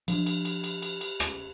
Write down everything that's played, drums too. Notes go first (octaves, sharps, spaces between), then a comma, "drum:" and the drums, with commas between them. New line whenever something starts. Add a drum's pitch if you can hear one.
F3 D4, drum: cymbal
drum: cymbal
drum: cymbal
drum: cymbal
drum: cymbal
drum: cymbal
drum: rim click